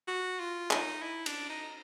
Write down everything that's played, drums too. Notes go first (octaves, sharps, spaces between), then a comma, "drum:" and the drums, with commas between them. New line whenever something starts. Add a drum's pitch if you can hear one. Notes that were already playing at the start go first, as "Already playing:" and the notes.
F#4
F4
D#4, drum: clap
E4
D4, drum: cymbal
D#4